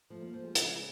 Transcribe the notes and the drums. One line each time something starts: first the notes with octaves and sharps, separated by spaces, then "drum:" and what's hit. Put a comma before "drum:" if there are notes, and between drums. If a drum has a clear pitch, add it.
F3 A3
A#3
F3 A3
G#3
C#3, drum: hi-hat